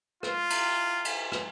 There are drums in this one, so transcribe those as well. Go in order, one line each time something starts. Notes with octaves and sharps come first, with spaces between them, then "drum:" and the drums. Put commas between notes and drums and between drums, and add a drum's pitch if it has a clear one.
F4, drum: rim click
drum: cymbal
drum: cymbal
drum: rim click